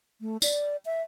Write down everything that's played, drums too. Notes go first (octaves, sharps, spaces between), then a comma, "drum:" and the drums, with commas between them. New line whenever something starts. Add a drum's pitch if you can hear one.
A3
D5, drum: tambourine
E5